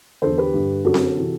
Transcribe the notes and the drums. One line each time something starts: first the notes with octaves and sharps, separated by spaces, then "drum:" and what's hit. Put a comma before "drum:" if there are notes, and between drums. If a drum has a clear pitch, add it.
E2 D3 A4 C5
G4 B4
G2 D3
F#2 D3 F#4 A4
drum: snare C4
C3 E3